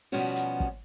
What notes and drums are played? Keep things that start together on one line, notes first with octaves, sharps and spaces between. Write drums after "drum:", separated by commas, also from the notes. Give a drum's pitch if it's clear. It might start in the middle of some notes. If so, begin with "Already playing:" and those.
B2 F3 G3 B3 C#4 F#4
drum: hi-hat
drum: kick